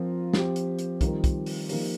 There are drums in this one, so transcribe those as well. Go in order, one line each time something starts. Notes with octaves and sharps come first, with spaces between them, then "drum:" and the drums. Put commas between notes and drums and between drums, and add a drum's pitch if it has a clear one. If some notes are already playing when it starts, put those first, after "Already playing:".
Already playing: F3 C4 F4 A#4
F3 C4 G4, drum: snare
drum: hi-hat
drum: hi-hat
D#3 G3 C4 F4 A#4, drum: kick, hi-hat
drum: kick, hi-hat
drum: open hi-hat
F3 A#3 D#4 G4 A#4, drum: open hi-hat